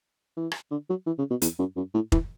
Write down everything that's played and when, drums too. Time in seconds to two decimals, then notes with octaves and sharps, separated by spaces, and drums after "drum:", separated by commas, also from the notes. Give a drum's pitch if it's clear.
0.37 E3
0.52 drum: rim click
0.71 D3
0.89 F#3
1.07 E3
1.18 C#3
1.30 B2
1.42 E2, drum: hi-hat
1.59 F#2
1.76 F#2
1.94 A2
2.12 E3, drum: kick F1